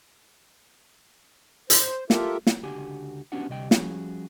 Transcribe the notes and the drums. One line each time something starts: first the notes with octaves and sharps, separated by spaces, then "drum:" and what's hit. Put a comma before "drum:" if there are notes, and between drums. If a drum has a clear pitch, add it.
C5, drum: hi-hat
F4 G4 A4 A#4 E5, drum: snare
drum: snare
C#2 D3 F#4 G4 G#5
B3 C#4 D4 F#4 G4 F#5
D2 C3 G3 D#5 G5
F3 G3 C#4 F#4 G#4, drum: snare